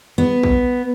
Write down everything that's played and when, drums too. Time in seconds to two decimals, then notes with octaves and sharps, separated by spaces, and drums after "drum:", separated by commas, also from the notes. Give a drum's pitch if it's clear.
0.18 B3
0.43 drum: kick A#1